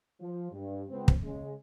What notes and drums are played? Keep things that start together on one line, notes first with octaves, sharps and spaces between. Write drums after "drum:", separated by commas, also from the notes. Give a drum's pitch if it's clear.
F3
G2
C#2 B3 C4
drum: kick
C#3 G#3